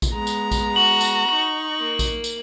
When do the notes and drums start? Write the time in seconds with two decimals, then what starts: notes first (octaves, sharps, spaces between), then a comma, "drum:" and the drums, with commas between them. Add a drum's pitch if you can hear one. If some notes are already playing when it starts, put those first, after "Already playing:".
0.02 drum: kick A#1, tambourine
0.12 G#3 B3 A#5
0.27 drum: tambourine
0.51 drum: kick A#1, tambourine
0.76 F#4 F#7
1.01 drum: tambourine
1.29 D#4 C#6 F#7
1.79 A#3
1.99 drum: kick A#1, tambourine
2.24 drum: tambourine